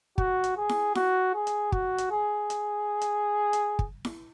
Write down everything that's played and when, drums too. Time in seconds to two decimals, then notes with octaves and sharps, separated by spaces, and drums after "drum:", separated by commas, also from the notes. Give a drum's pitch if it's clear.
0.18 F#4, drum: kick
0.44 drum: hi-hat
0.57 G#4
0.69 drum: snare E4
0.95 F#4, drum: snare E4
1.34 G#4
1.47 drum: hi-hat
1.72 F#4, drum: kick
1.98 drum: hi-hat
2.11 G#4
2.50 drum: hi-hat
3.01 drum: hi-hat
3.53 drum: hi-hat
3.79 drum: kick
4.05 drum: snare E4